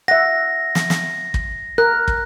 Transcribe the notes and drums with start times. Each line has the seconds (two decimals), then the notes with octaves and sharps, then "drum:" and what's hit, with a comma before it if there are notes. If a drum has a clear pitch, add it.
0.08 E5 F#5 A#6
0.75 drum: snare
0.90 drum: snare
1.34 drum: kick
1.78 A#4 F#6
2.08 drum: kick